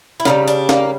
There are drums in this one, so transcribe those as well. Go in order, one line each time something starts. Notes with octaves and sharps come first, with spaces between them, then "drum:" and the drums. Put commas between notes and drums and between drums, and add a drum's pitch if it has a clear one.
E4
C#3 E3 G3 D#4, drum: snare
D4, drum: hi-hat
A#3, drum: snare